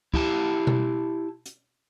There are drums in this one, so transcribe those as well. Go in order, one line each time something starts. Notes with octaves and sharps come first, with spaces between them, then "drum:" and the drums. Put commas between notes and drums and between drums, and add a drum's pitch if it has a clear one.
E4 G4 A5, drum: kick
drum: tom B2
drum: hi-hat